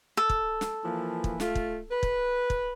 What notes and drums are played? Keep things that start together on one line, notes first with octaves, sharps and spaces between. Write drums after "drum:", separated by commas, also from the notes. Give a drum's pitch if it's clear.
A4
drum: kick
drum: snare
E3 F3 A#3
drum: kick
A3 F4, drum: snare
drum: kick
B4
drum: kick
drum: kick